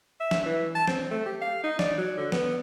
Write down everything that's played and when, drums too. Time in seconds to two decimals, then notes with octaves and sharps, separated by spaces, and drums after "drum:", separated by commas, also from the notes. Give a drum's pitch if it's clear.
0.20 E5
0.31 drum: snare
0.46 E3
0.75 A5
0.87 C4, drum: snare
1.11 A3
1.26 G4
1.42 F5
1.64 D#4
1.79 D5, drum: snare
1.98 F#3
2.17 D3
2.32 B3, drum: snare